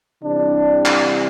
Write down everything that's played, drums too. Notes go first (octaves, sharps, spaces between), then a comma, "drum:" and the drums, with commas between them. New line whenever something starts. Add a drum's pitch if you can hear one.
C3 E3 G3 D4
drum: clap